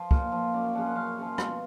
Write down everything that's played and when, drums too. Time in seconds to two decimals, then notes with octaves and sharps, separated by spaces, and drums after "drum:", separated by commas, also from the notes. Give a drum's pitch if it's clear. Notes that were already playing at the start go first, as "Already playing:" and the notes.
Already playing: F3 C5
0.11 A#2, drum: kick
0.32 F3
0.53 F#2 D5
0.64 G5
0.75 C#3 F3 F#5
0.86 F#5
0.96 F#2 F5
1.18 C#3 F3
1.38 B2, drum: rim click